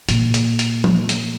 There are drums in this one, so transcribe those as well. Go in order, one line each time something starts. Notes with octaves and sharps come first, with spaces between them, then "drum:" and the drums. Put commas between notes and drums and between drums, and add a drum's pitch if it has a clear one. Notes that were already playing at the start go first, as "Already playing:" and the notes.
A#2, drum: hi-hat
drum: hi-hat
drum: hi-hat
drum: tom F3
drum: hi-hat